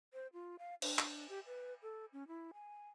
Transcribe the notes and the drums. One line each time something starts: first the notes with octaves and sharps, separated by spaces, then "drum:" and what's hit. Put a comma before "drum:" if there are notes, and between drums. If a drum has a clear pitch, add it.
C5
F4
F5
D4, drum: cymbal
drum: clap
G4
B4
A4
C#4
E4
G#5